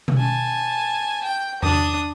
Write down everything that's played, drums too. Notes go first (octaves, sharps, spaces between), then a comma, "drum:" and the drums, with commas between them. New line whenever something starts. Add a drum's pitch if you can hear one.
drum: tom B2
G#5 A5
G5
D4 D#6, drum: tom E2